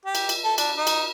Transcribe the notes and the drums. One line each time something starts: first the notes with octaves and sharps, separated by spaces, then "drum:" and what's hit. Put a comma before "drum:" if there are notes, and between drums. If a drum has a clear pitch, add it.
G4
drum: cymbal
drum: cymbal
A4
D4, drum: cymbal
D#4
drum: cymbal